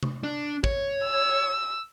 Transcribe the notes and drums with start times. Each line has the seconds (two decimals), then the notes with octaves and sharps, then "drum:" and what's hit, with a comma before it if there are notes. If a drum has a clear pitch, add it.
0.03 drum: tom C3
0.23 D4
0.64 C#5, drum: kick
1.05 E6